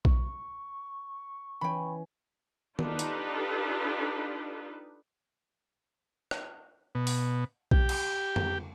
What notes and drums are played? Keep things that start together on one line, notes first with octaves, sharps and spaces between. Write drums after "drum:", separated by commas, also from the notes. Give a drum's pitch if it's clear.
C#6, drum: kick B1
E3 C#4 G5 B5
D4 D#4 F4 G4 A4 B4, drum: tom D#3
drum: hi-hat
drum: rim click
B2
drum: open hi-hat
G4, drum: kick B1
drum: cymbal
drum: tom F2